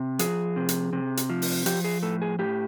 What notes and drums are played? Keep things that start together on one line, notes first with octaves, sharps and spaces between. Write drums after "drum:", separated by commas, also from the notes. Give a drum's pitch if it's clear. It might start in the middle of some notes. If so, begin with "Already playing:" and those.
Already playing: C3
F3 G#4, drum: hi-hat
C3
drum: hi-hat
C3
drum: hi-hat
F3
drum: open hi-hat
F3 G4, drum: hi-hat
G#4
A2 A4
G#4
A2 G4